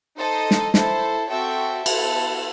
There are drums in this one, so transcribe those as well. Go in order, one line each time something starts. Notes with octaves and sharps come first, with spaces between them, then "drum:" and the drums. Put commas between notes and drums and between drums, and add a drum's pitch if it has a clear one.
D#4 A4 C5 D#5
drum: snare
E4 A4 C5, drum: snare
C4 F#4 A4 E5 G5
B3 E4 A4, drum: cymbal